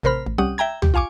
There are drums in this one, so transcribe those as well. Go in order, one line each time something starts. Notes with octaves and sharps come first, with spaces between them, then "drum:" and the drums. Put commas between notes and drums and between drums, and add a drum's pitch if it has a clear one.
A1 C3 A#4 C5 B5 F6
A1
C2 G3 C#4 G4 F#5 D#6
E5 G5 A#5 G#6
G4, drum: tom
F4 F5 G#5 C#6 D6